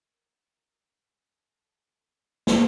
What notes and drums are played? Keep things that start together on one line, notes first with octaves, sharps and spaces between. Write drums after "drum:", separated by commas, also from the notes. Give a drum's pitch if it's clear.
A#4
A4 G#5 A5
drum: snare